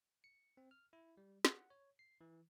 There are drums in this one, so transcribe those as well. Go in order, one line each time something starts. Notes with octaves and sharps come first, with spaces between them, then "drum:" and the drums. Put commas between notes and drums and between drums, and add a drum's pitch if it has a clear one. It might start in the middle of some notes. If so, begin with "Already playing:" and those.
C#7
C4
F6
E4
G3
F#5, drum: snare
C#5
C7
E3